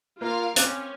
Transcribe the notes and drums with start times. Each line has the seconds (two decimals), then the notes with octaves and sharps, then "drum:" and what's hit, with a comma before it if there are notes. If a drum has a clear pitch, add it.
0.21 A#3 F4 A#4 F5
0.56 C4 C#4 D6 F#6, drum: hi-hat